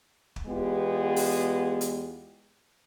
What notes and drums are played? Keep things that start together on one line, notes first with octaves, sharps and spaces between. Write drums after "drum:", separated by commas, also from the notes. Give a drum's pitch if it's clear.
drum: kick
E2 G#3 B3 F4 G4
drum: open hi-hat
drum: hi-hat